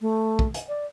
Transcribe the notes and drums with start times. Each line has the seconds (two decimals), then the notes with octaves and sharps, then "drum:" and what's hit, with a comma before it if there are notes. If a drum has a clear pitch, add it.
0.01 A3
0.39 drum: kick
0.54 drum: hi-hat
0.68 D5